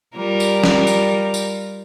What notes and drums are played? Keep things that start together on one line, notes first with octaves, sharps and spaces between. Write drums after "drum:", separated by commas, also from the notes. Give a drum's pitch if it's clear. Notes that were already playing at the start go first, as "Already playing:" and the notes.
G3 F4 A#4
drum: tambourine
drum: snare
drum: tambourine
drum: tambourine